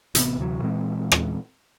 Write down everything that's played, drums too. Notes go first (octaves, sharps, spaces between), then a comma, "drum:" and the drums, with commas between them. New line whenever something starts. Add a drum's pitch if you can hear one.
A1 C3 B3, drum: hi-hat
D2 C3 E3 F#3
A#2 E3 G#3 C4
drum: rim click